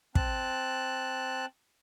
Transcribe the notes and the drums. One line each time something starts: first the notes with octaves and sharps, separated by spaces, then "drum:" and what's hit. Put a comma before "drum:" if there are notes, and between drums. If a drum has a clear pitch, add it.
C4 A5 F#6, drum: kick